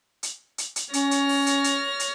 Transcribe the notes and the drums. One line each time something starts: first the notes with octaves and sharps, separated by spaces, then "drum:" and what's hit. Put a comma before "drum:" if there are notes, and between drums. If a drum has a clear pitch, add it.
drum: hi-hat
drum: hi-hat
drum: hi-hat
C#4 C#5 F6 A#6, drum: hi-hat
drum: hi-hat
drum: open hi-hat
drum: hi-hat
drum: hi-hat
drum: hi-hat